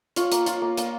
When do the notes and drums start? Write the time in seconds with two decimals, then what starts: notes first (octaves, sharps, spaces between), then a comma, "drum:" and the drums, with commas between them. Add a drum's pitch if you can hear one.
0.16 F4 C#5, drum: hi-hat
0.32 A#3, drum: hi-hat
0.46 F4, drum: hi-hat
0.62 A#3
0.77 A#3, drum: hi-hat